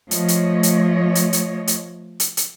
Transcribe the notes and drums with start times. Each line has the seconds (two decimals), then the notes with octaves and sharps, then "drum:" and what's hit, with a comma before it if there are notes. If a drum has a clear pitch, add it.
0.11 F3 A3 C#5 D#5, drum: hi-hat
0.28 drum: hi-hat
0.63 drum: hi-hat
1.15 drum: hi-hat
1.33 drum: hi-hat
1.67 drum: hi-hat
2.20 drum: hi-hat
2.37 drum: hi-hat